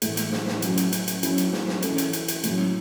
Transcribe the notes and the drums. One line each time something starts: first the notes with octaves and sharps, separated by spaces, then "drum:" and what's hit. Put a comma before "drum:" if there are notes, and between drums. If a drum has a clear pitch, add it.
A2 E3 A3, drum: hi-hat
drum: hi-hat
drum: snare
drum: snare
F#3 C#4 F#4, drum: hi-hat
drum: hi-hat
drum: hi-hat
drum: hi-hat
F#3 C#4 E4, drum: hi-hat
drum: hi-hat
drum: snare
drum: snare
E3 C#4 A4, drum: hi-hat
drum: hi-hat
drum: hi-hat
drum: hi-hat
A2 F#3 C#4, drum: hi-hat